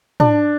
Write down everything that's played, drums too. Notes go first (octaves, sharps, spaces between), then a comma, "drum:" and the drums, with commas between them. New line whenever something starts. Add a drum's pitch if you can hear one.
D4, drum: tom